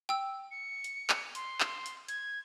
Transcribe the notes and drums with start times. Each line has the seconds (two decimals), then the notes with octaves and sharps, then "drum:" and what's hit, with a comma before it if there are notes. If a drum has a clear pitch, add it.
0.09 G5 E6
0.51 C#7
0.84 drum: hi-hat
1.10 drum: clap
1.35 C6, drum: hi-hat
1.60 drum: clap
1.86 drum: hi-hat
2.08 G#6, drum: hi-hat